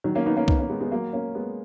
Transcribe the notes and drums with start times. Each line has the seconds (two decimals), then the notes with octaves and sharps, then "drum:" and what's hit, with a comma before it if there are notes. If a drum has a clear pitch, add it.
0.04 D#3 F#3
0.15 A#3 C#4
0.26 B3 D#4
0.37 A#3 C#4
0.48 B3 D#4, drum: kick C2
0.59 A#3 C#4
0.69 G#3 B3
0.81 G#3 B3
0.92 F#3 A#3
1.13 A#3 C#4
1.35 G#3 B3